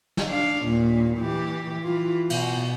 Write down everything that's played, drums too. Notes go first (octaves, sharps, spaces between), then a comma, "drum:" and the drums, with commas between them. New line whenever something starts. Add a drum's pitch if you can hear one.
drum: snare
D4 F5
D#2 A#2
E3 G4
E3 F4
B2, drum: cymbal